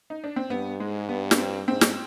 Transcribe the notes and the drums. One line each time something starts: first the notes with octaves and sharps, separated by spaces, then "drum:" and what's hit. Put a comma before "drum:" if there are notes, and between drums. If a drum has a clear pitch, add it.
D#4
D4
C4
G2 B3
G#2 G#3
G2 B3
D4, drum: snare
C4
G#2 C4
drum: snare